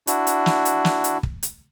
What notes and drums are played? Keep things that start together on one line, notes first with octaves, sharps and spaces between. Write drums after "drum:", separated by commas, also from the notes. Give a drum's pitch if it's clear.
D4 E4 F#4, drum: hi-hat
drum: hi-hat
drum: snare
drum: hi-hat
drum: snare
drum: hi-hat
drum: kick
drum: hi-hat